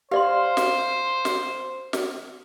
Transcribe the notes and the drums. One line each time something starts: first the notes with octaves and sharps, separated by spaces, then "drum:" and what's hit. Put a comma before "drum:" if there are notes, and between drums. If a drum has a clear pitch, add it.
G4 C5 D5 F5 C6
drum: snare
drum: snare
drum: snare